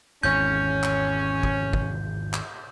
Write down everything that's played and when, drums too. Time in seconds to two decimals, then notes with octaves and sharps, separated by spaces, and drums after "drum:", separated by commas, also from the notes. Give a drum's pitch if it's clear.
0.23 G#1 E2 C#4 G6
0.83 drum: clap
1.43 drum: kick
1.73 drum: kick
2.33 drum: clap